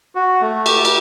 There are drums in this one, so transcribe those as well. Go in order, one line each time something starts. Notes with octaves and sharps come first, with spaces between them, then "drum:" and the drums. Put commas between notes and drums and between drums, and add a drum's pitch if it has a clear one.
F#4
A3
G4, drum: cymbal
drum: cymbal